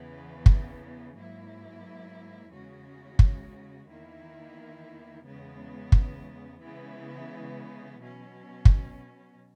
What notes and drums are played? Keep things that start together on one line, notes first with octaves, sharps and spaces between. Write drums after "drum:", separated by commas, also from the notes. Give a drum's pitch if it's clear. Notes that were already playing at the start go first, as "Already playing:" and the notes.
Already playing: E2 C#3 E3 B3
drum: kick
G#2 F#3 A#3 E4
E2 C#3 G#3 C#4 F#4
drum: kick
E2 D#3 A#3 E4
E2 C#3 G#3 B3
drum: kick
C#3 E3 G#3 B3 E4
B2 F#3 C#4
drum: kick